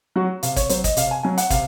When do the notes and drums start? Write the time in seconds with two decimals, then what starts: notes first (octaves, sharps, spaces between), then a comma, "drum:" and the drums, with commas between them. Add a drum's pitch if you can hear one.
0.16 F#3 F#4
0.43 C3 F5, drum: hi-hat
0.56 C#5, drum: kick, hi-hat
0.69 F#3 C5, drum: hi-hat
0.84 D#5, drum: kick, hi-hat
0.97 C3 F5, drum: hi-hat
1.11 G#5
1.23 F#3 G#5
1.38 F#5, drum: hi-hat
1.50 C3 F5, drum: kick, hi-hat